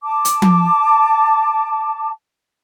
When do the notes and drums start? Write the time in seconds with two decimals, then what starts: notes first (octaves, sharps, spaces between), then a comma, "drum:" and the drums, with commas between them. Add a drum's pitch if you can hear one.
0.03 A5 D6
0.25 drum: hi-hat
0.42 drum: tom F3